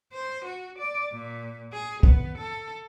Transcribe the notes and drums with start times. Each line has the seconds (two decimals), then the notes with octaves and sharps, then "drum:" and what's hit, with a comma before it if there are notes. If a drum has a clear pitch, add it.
0.13 C5
0.45 F#4
0.78 D5
1.12 A#2
1.73 G#4
2.03 B3, drum: kick
2.38 A4